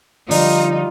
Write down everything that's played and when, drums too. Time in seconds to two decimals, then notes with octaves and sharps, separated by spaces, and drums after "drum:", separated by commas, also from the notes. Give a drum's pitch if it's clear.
0.31 D3 F3 G3 D#4 F4 D5, drum: open hi-hat